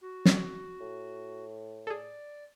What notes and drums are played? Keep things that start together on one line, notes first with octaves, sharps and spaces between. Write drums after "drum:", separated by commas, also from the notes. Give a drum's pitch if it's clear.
F#4
drum: snare
A2
G#4 A4 D5